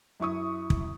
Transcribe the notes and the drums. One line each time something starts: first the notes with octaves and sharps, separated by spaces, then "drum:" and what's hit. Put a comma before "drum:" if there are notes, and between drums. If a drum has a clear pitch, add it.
F#2 E4 C#6 D#6
drum: kick